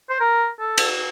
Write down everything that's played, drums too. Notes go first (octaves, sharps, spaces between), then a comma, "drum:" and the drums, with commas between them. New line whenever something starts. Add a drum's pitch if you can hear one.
C5
A#4
A4
drum: cymbal